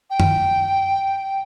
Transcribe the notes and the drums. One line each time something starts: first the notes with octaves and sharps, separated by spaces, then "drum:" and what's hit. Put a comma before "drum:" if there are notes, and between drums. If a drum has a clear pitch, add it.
G5
drum: tom F#2